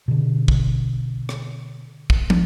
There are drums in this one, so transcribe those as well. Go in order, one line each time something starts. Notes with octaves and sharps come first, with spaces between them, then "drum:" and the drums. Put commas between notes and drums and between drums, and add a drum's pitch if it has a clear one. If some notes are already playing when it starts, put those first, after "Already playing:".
B2 D3
drum: kick
drum: rim click
drum: kick
drum: tom